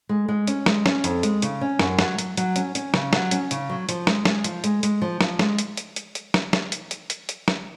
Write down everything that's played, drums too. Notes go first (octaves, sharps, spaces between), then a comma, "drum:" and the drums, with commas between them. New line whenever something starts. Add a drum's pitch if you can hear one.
G#3
G#3
C#4, drum: hi-hat
G#3, drum: snare
C#4, drum: snare
F2, drum: hi-hat
G#3, drum: hi-hat
C#3, drum: hi-hat
C#4
F#2, drum: snare
F#3, drum: snare
F#3, drum: hi-hat
F#3, drum: hi-hat
C#4, drum: hi-hat
C#4, drum: hi-hat
C#3, drum: snare
F#3, drum: snare
C#4, drum: hi-hat
C#3, drum: hi-hat
F#3
F3, drum: hi-hat
G#3, drum: snare
G#3, drum: snare
F3, drum: hi-hat
G#3, drum: hi-hat
G#3, drum: hi-hat
F3
F3, drum: snare
G#3, drum: snare
drum: hi-hat
drum: hi-hat
drum: hi-hat
drum: hi-hat
drum: snare
drum: snare
drum: hi-hat
drum: hi-hat
drum: hi-hat
drum: hi-hat
drum: snare